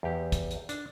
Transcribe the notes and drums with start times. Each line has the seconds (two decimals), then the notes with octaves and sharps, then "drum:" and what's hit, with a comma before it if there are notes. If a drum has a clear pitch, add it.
0.03 E2 G4
0.32 drum: kick, hi-hat
0.51 drum: hi-hat
0.69 D4, drum: hi-hat